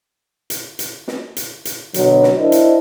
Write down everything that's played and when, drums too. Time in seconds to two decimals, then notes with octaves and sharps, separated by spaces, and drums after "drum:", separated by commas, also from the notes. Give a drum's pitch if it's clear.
0.50 drum: hi-hat
0.79 drum: hi-hat
1.08 drum: snare
1.37 drum: hi-hat
1.65 drum: hi-hat
1.94 B2 D3 F#3, drum: hi-hat
2.23 drum: snare
2.36 D4 E4 A#4 C5 D#5
2.52 drum: hi-hat